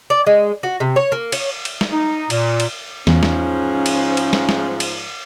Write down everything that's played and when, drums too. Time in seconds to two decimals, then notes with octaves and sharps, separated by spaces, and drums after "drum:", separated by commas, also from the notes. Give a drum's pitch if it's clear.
0.10 D5
0.26 G#3
0.63 F#4
0.80 C3
0.96 C#5
1.12 A#3
1.32 C#5, drum: cymbal
1.65 drum: cymbal
1.81 drum: snare
1.92 D#4
2.30 A#2, drum: cymbal
2.60 drum: cymbal
3.07 E2 G#2 F3 C#4, drum: snare
3.23 drum: snare
3.86 drum: cymbal
4.17 drum: cymbal
4.33 drum: snare
4.49 drum: snare
4.80 drum: cymbal